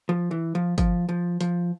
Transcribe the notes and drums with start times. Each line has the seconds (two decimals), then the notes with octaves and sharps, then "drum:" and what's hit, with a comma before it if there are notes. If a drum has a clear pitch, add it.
0.09 F3
0.31 E3
0.55 F3
0.78 F3, drum: kick G1, hi-hat
1.09 F3
1.41 F3, drum: hi-hat